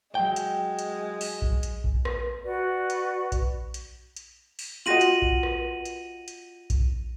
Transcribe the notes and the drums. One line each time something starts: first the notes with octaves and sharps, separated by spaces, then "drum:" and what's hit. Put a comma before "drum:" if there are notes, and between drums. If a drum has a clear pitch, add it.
F#3 G#3 G5
drum: hi-hat
drum: hi-hat
drum: open hi-hat
drum: kick A#1
drum: hi-hat
drum: kick A#1
drum: rim click
F#4 B4 D5
drum: hi-hat
drum: kick A#1, hi-hat
drum: hi-hat
drum: hi-hat
drum: open hi-hat
F4 F#4 D#5 A#6 D#7 F#7
drum: hi-hat
drum: kick A#1
drum: rim click
drum: hi-hat
drum: hi-hat
drum: kick A#1, hi-hat